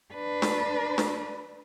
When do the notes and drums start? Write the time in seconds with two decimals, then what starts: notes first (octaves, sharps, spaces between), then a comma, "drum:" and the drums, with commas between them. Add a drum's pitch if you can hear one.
0.14 D4 B4
0.42 drum: snare D4
0.98 drum: snare D4